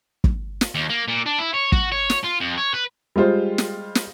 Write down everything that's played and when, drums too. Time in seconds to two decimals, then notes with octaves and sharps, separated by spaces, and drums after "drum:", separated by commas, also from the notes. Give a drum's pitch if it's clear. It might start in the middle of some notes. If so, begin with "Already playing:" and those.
0.24 drum: kick
0.61 drum: snare
0.75 D#2
0.90 A#3
1.08 A#2
1.26 D4
1.39 E4
1.54 C#5
1.72 F#4, drum: kick
1.92 C#5
2.10 drum: snare
2.24 F4
2.41 F2
2.58 C#5
2.74 B4
3.16 G3 G#3 F4 C5
3.58 drum: snare
3.95 drum: snare